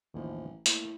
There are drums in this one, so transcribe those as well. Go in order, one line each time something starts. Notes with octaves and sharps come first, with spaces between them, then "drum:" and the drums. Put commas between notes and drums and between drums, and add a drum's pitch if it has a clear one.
A1 D#2 A2 F3
A2 A#3, drum: hi-hat